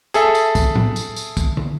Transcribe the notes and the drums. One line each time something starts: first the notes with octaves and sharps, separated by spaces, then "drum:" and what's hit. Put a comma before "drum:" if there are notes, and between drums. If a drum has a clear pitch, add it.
G#4 A4 E5, drum: tambourine
drum: tambourine
drum: kick, tambourine
drum: tom A2
drum: tambourine
drum: tambourine
drum: kick, tambourine
drum: tom